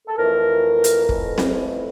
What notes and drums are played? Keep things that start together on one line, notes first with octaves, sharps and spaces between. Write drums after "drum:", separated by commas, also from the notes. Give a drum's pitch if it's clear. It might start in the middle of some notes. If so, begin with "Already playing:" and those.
A4
F2 E3 A3 A#4
drum: hi-hat
F2 E3 A3, drum: kick
drum: snare C4